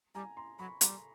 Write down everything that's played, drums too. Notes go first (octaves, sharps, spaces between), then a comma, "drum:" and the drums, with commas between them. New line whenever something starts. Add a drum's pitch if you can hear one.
G3 G#5 A#5
A#5 C6
F#3 B5 C#6
G3 A#5 C6, drum: hi-hat